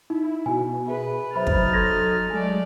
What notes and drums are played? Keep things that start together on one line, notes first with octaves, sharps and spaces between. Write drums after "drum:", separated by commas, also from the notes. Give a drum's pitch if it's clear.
D#4 E4
B2 F#4 G#5
G#4 B4 E5
F#3 D#4 C5 E5 B5 F6 A6
drum: kick
A4 C6 G#6 A#6
F#3 G#3 A3 D5 G#5